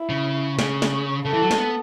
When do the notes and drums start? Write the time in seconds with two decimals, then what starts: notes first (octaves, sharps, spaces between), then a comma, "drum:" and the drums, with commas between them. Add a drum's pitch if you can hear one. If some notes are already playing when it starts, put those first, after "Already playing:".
Already playing: E4
0.09 C#3
0.59 C#3 G#4, drum: snare
0.82 drum: snare
1.25 C#3 A4
1.33 E3
1.42 F#3
1.51 G#3, drum: snare
1.58 B3